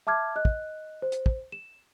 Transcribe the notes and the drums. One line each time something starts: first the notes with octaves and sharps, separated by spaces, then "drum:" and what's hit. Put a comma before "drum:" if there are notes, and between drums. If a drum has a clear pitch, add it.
E5 A5 D6 F6 G#6
D#5 F#6
drum: kick
C5
drum: hi-hat
drum: kick
E7